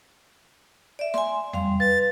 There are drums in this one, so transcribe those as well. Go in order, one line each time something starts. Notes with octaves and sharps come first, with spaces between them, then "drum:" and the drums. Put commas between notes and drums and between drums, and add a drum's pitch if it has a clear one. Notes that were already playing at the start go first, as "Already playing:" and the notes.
D5 E5
G#5 C6, drum: snare
G3 F5 C6, drum: tom E2
B4 A6